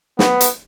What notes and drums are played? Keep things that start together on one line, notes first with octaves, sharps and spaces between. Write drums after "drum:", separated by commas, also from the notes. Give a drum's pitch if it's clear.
B3, drum: snare
drum: hi-hat